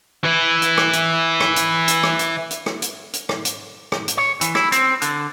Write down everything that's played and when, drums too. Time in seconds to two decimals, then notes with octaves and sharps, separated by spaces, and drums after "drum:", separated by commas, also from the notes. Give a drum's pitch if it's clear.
0.24 E3 E4
0.62 drum: hi-hat
0.78 drum: rim click
0.93 drum: hi-hat
1.40 drum: rim click
1.56 drum: hi-hat
1.88 drum: hi-hat
2.03 drum: rim click
2.19 drum: hi-hat
2.51 drum: hi-hat
2.66 drum: rim click
2.82 drum: hi-hat
3.13 drum: hi-hat
3.29 drum: rim click
3.45 drum: hi-hat
3.92 drum: rim click
4.08 drum: hi-hat
4.17 C#5
4.41 E3, drum: hi-hat
4.55 E4, drum: rim click
4.72 C4, drum: hi-hat
5.02 D3, drum: hi-hat